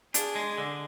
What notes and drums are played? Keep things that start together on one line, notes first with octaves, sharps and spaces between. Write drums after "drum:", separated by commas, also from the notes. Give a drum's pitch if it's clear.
D4 G#4, drum: hi-hat
G#3
D3